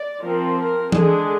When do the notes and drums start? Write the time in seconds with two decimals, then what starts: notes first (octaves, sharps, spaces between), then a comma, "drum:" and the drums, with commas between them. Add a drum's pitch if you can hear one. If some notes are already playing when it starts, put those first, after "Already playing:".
Already playing: D5
0.22 F3 C4 A#4
0.58 A#4
0.92 D3 G#3 D4 G#4, drum: tom E3